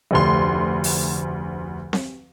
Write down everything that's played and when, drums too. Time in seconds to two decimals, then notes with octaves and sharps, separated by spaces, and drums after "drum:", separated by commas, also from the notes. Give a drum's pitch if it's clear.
0.11 F1 D2 C6
0.84 drum: open hi-hat
1.93 drum: snare C4